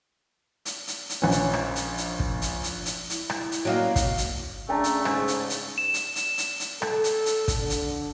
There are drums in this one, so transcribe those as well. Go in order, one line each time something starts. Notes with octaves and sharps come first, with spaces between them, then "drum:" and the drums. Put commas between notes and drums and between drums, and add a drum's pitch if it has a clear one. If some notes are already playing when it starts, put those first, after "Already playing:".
drum: hi-hat
drum: hi-hat
drum: hi-hat
A#1 C#4
drum: hi-hat
drum: rim click
drum: hi-hat
drum: hi-hat
drum: kick
drum: hi-hat
drum: hi-hat
drum: hi-hat
E4, drum: hi-hat
drum: rim click
drum: hi-hat
F#3 G3 A3 A#3 C#4 G4 D#5 F5
drum: kick, hi-hat
drum: hi-hat
C#3 A3 D4 G5 A5 A#5
drum: hi-hat
G#2 G#5, drum: rim click
drum: hi-hat
drum: hi-hat
E7
drum: hi-hat
drum: hi-hat
drum: hi-hat
drum: hi-hat
A4, drum: rim click
drum: hi-hat
drum: hi-hat
drum: kick, hi-hat
D3
drum: hi-hat